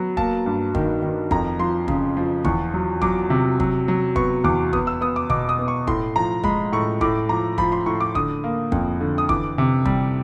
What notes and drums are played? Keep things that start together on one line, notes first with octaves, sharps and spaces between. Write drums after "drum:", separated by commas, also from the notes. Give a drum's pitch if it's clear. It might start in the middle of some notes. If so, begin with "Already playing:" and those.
Already playing: F#3 B3
A#3 A5, drum: kick
G2
D#3, drum: kick
D#3
F2 A#5, drum: kick
F3 C6
C#3, drum: kick
F3
E2 C#6, drum: kick
F#3
F#3 D6, drum: kick
C3
F#3, drum: kick
F#3
B3 C#6, drum: kick
E2 D6
B3 D#6, drum: kick
E6
B3 D#6
D6
B2 D6, drum: kick
D#6
B3
C#6
A2 C6, drum: kick
F3 A#5
G#3 B5, drum: kick
A2 C#6
A2 D6, drum: kick
F3 A#5
F3 B5, drum: kick
C6
A2 C#6
D6
D3 D#6, drum: kick
A#3
F2, drum: kick
D3
D#6
E3 D6, drum: kick
C3
G3, drum: kick